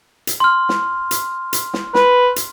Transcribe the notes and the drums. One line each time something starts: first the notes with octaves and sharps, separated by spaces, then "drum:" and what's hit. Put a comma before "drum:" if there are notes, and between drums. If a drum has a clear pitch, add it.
drum: hi-hat
C6 F6
drum: snare
drum: hi-hat
drum: hi-hat
drum: snare
B4, drum: snare
drum: hi-hat